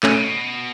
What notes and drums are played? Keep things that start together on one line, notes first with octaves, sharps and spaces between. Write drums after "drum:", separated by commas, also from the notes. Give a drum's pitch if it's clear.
B2 A3 C#4, drum: clap
C#3
B2